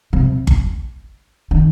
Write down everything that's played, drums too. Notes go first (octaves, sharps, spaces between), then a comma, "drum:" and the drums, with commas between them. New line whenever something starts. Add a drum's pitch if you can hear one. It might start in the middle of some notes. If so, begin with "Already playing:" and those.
C3
drum: kick G1
D#3